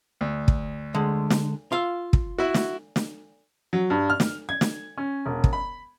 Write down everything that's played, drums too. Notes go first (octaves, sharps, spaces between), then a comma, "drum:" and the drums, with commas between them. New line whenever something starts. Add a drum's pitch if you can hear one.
D2
drum: kick
D3 G#3
drum: snare
F4 F5 C6 E6
drum: kick
E4 F#4
drum: snare
drum: snare
F#3
G2
F6
drum: snare
G#6
drum: snare
C#4
E1
drum: kick
B5